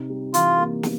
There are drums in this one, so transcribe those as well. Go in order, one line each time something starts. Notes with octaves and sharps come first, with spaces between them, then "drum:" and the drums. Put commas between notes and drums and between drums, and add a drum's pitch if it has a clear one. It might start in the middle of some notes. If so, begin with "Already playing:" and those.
Already playing: C3 D#4
G3
E3 F4, drum: hi-hat
A#3
drum: snare